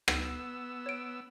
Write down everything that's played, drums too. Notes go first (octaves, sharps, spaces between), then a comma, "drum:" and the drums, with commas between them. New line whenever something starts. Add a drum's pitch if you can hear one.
B3 E6, drum: rim click
C#5 D7